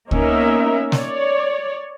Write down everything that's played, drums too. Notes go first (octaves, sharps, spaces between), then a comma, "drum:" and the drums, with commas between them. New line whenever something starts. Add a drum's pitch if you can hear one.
A#3 B3 C#4 D#4 A#4 E5, drum: kick C#2
C#5 D5, drum: snare